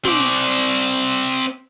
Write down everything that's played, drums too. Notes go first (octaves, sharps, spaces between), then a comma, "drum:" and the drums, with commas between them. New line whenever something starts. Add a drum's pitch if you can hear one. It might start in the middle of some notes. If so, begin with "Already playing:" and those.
C4 D5, drum: tom